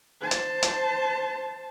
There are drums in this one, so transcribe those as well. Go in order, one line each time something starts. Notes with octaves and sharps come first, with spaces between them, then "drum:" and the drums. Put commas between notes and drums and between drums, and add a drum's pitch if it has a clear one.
C5 A5
drum: hi-hat
drum: hi-hat